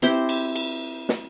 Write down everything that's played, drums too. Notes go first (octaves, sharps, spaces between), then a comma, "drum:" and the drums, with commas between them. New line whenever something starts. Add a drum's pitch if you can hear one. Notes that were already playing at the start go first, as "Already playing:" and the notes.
C4 E4 G4 C5
drum: cymbal
drum: cymbal
drum: snare